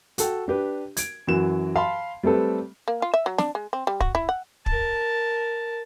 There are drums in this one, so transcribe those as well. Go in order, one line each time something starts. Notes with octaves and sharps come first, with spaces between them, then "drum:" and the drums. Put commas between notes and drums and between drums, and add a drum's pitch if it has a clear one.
F#4 A4 G5, drum: hi-hat
D4 G4 B4
G#6 D7, drum: hi-hat
F#2 E3 F#4 E7
F5 A5 B5 C6
G3 A3 C4 A4 B4
A#3
F4
E5
F#3
D4, drum: snare
G#3
C4
G3
F#4, drum: kick
E4
F#5
A#4 A5, drum: kick